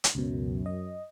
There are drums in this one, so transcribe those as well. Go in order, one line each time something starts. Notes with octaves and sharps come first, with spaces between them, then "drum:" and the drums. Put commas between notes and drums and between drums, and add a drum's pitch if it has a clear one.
drum: hi-hat
C#2 F#2 B2
D#5